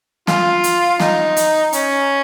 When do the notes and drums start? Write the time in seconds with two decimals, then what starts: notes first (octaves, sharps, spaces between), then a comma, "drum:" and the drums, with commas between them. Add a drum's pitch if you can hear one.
0.27 F4, drum: snare
0.64 drum: hi-hat
1.00 D#4, drum: snare
1.37 drum: hi-hat
1.73 C#4, drum: hi-hat